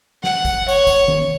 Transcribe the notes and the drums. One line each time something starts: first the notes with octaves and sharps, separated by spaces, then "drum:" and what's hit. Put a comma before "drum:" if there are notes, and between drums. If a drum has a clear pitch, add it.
F#5, drum: snare
drum: kick, tambourine
C#5, drum: tambourine
drum: kick, tambourine
drum: tom D#3